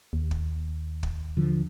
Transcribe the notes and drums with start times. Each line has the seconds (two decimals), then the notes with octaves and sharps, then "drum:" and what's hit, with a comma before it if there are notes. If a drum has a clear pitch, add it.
0.13 D#2
0.31 drum: kick
1.03 drum: kick
1.37 D3 F3